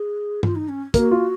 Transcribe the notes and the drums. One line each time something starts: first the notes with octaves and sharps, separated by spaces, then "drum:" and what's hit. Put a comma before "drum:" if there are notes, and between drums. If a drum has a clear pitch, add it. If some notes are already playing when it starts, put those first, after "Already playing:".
Already playing: G#4
F4, drum: tom G2
D#4
C#4
A#3 F#4, drum: kick, hi-hat
F4